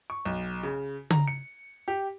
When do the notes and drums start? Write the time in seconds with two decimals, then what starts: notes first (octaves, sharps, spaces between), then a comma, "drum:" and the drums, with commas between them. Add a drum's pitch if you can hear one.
0.10 C#6
0.26 B1
0.63 C#3
1.10 A#5, drum: tom
1.28 C#7
1.88 G4